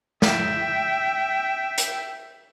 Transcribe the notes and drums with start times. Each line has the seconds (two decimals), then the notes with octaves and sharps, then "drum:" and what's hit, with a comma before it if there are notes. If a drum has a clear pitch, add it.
0.22 E5 G5, drum: snare
1.78 drum: hi-hat